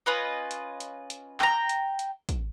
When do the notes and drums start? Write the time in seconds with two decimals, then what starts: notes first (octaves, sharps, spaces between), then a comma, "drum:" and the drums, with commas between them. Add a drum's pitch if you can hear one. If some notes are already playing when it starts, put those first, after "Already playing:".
0.06 C#4 F4 B4 D#5
0.51 drum: hi-hat
0.80 drum: hi-hat
1.10 drum: hi-hat
1.40 G5 A#5, drum: clap
1.69 drum: hi-hat
1.99 drum: hi-hat
2.29 drum: kick, hi-hat